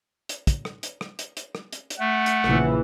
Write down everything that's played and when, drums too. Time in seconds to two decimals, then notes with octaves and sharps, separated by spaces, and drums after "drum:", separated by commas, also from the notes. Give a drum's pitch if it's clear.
0.29 drum: hi-hat
0.47 drum: kick, hi-hat
0.65 drum: rim click
0.83 drum: hi-hat
1.01 drum: rim click
1.19 drum: hi-hat
1.37 drum: hi-hat
1.55 drum: rim click
1.73 drum: hi-hat
1.90 drum: hi-hat
1.99 A3 F#5
2.26 drum: hi-hat
2.44 A#1 C#3 E3, drum: rim click